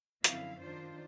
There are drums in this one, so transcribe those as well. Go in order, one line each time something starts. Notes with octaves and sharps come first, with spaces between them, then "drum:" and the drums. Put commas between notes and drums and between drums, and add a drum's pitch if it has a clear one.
F#2 D3 F3 C4 E4 F5, drum: hi-hat
D#3 D4 F4 C5